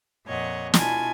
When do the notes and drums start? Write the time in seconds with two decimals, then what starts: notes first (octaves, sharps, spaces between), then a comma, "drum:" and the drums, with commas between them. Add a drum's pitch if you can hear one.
0.25 F2 A#2 C#5 D#5 F#5
0.74 B2 E4 F4 G#5 A5, drum: snare